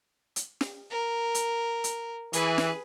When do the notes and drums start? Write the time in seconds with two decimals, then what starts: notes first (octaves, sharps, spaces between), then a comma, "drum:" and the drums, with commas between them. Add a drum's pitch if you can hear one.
0.36 drum: hi-hat
0.61 drum: snare
0.90 A#4
1.35 drum: hi-hat
1.84 drum: hi-hat
2.33 E3 G#4 B4, drum: hi-hat
2.58 drum: snare